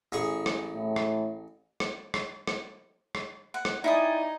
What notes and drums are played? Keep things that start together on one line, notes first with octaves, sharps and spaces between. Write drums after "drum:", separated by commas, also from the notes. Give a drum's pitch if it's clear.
A1 G#4 C#6
drum: rim click
A2
drum: rim click
drum: rim click
drum: rim click
drum: rim click
drum: rim click
F#5
drum: rim click
D#4 E4 D5 G5 G#5 D#6